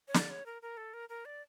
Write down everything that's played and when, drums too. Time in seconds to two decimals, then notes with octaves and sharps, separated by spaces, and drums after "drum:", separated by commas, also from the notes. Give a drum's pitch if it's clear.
0.08 C#5
0.14 D5, drum: snare
0.30 C#5
0.46 A#4
0.62 A#4
0.77 A4
0.94 A#4
1.09 A#4
1.25 D5